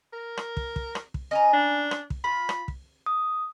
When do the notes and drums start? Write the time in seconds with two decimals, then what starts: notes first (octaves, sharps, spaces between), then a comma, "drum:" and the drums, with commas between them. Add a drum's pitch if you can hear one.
0.13 A#4
0.37 drum: rim click
0.57 drum: kick
0.76 drum: kick
0.95 drum: rim click
1.14 drum: kick
1.31 C#4 D#5 G#5 A#5
1.53 D4
1.91 drum: rim click
2.10 drum: kick
2.24 F4 B5
2.49 drum: rim click
2.68 drum: kick
3.06 D#6